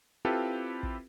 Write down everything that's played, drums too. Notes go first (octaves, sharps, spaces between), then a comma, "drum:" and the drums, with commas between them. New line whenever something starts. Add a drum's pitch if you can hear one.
C4 E4 F4 G4 A4 B4
drum: kick